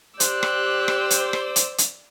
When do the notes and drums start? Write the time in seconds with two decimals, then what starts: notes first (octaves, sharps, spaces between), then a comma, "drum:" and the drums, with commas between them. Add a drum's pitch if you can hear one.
0.20 G4 C5 D5 E6 F#6, drum: hi-hat
0.43 drum: rim click
0.88 drum: rim click
1.10 drum: hi-hat
1.33 drum: rim click
1.56 drum: hi-hat
1.78 drum: hi-hat